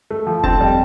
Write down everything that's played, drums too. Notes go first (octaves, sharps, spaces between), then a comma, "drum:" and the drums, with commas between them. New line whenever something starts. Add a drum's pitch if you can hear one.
A3
F3
C4 A5, drum: kick E1
G3